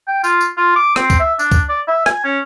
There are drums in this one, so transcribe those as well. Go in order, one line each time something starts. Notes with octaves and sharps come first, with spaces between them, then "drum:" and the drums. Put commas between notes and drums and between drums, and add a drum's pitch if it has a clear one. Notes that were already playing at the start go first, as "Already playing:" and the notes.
G5
F4, drum: tambourine
drum: tambourine
F4
D6
C4, drum: rim click
drum: kick, tambourine
E5
D4, drum: tambourine
drum: kick, tambourine
D5
E5
G#5, drum: rim click
C#4